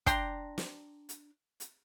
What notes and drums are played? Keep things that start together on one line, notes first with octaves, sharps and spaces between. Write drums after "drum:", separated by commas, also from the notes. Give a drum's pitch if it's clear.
D4 G5 A#5 C6, drum: kick, hi-hat
drum: snare
drum: hi-hat
drum: hi-hat